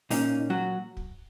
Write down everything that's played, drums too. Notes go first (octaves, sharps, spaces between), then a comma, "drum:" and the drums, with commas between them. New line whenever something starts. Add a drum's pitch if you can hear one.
A#2 A#3 C#4 D#4, drum: open hi-hat
F#3 F#4
drum: kick